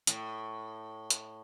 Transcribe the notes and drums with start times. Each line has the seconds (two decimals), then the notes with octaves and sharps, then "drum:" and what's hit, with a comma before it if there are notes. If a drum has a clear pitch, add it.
0.07 A2, drum: hi-hat
1.10 drum: hi-hat